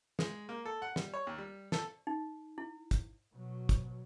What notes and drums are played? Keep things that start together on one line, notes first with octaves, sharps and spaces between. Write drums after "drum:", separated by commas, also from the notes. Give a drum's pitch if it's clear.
G#3, drum: snare
A#3
A4
F#5
G3, drum: snare
C#5
D#2
G3
A4, drum: snare
D#4
E4
drum: kick, hi-hat
B2 F#3
drum: kick, hi-hat